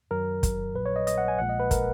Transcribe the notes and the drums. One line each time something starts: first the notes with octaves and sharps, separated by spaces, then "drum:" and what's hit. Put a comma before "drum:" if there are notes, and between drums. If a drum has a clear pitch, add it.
F#2 D#3 F#3 A#4
drum: kick, hi-hat
A#1 A#2 F#3 B4
C#5
D#5
D#5, drum: hi-hat
F#5
G#5
A#1 A#2 G#3 F#5
D#5
B4
A#4, drum: kick, hi-hat